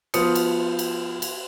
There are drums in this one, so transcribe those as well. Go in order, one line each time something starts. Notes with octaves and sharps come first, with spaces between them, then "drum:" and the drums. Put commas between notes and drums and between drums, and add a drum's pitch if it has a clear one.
F3 B3 F4 C5 D#6 C#7, drum: cymbal
drum: cymbal
drum: cymbal
drum: cymbal